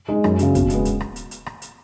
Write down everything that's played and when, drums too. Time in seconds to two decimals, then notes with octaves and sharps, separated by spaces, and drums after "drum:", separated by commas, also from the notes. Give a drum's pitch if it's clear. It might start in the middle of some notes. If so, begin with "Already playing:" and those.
0.08 G#3 D#4
0.24 F#2, drum: rim click
0.39 C#3 F#3 C#4, drum: hi-hat
0.55 B2, drum: kick, hi-hat
0.70 G#3 B3, drum: hi-hat
0.85 drum: hi-hat
1.00 drum: rim click
1.16 drum: hi-hat
1.31 drum: hi-hat
1.46 drum: rim click
1.62 drum: hi-hat